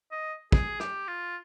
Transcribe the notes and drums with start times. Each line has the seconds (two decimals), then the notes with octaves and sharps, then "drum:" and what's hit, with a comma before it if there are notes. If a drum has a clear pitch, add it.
0.12 D#5
0.52 G#4, drum: kick
0.80 G4, drum: rim click
1.08 F4